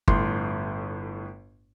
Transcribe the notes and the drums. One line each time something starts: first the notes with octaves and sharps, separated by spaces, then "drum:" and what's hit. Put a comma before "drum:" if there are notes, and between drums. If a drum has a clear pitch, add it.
G1 A2 C6, drum: kick G1